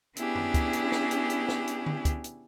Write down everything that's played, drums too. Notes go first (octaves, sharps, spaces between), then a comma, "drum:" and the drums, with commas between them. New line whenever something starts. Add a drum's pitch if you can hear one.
B3 C#4 D4 E4 G4 G#4, drum: hi-hat
drum: tom F#2
drum: kick, hi-hat
drum: hi-hat
drum: snare
drum: hi-hat
drum: hi-hat
drum: snare
drum: hi-hat
drum: tom D3
drum: kick, hi-hat
drum: hi-hat